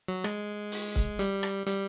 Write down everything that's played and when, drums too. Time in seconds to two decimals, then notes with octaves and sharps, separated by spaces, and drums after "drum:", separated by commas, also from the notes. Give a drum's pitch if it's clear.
0.08 F#3
0.24 G#3, drum: rim click
0.72 drum: open hi-hat
0.95 drum: kick C#1
1.19 G3, drum: hi-hat
1.43 drum: rim click
1.66 G3, drum: hi-hat